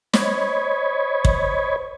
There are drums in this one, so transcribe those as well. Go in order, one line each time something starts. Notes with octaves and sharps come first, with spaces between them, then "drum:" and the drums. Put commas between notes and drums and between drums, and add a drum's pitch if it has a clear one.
C5 C#5 D#5 B5 C#6 G#6, drum: snare
drum: kick